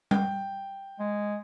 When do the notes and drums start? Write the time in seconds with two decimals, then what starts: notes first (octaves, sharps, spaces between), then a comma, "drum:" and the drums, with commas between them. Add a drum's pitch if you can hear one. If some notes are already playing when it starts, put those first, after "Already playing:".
0.11 G5, drum: tom G3
0.99 G#3